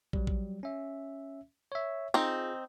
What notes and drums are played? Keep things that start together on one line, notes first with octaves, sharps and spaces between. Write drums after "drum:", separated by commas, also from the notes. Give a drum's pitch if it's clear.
F#3 G3, drum: kick
drum: kick
C#4 E5
C#5 E5
C4 D#4 F4 G#4